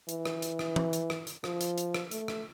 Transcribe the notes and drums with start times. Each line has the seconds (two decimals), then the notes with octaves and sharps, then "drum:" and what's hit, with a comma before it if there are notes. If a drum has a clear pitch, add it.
0.09 E3, drum: hi-hat
0.25 drum: rim click
0.42 drum: hi-hat
0.59 drum: rim click
0.76 drum: tom E3
0.93 drum: hi-hat
1.10 drum: rim click
1.27 drum: hi-hat
1.44 F3, drum: rim click
1.61 drum: hi-hat
1.78 drum: hi-hat
1.94 drum: rim click
2.11 A3, drum: hi-hat
2.28 drum: rim click